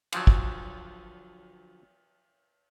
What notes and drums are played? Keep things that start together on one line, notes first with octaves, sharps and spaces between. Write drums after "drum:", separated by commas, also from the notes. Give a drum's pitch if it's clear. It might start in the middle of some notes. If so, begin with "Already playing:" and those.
D3 F3 F#3, drum: cymbal
drum: kick